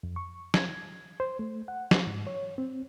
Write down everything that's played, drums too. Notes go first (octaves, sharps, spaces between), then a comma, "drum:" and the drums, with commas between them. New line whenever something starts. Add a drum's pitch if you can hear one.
F2
C#6
G#6, drum: snare
C5
A3
F#5
drum: snare
G#2
C#5
C4